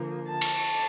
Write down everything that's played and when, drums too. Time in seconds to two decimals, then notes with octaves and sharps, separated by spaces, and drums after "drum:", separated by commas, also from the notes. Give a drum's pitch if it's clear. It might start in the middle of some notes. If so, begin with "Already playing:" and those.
Already playing: D3 F3 A#3
0.29 A5
0.41 drum: cymbal